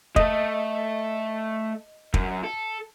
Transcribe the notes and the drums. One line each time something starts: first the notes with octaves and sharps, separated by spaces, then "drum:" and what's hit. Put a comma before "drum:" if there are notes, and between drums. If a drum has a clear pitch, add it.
A3 A4 D#5, drum: kick
F#2, drum: kick
A4